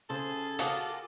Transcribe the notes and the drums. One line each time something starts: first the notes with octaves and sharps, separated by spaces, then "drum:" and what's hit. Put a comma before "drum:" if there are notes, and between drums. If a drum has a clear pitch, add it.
C#3 G#4 A4 C5
F4 F#4 G#4 A#4 F5 D6 D#6, drum: hi-hat